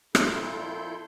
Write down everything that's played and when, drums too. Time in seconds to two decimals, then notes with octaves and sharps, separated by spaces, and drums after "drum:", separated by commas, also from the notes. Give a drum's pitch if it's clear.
0.15 F2 A#2 E4 A4 C6 G6, drum: rim click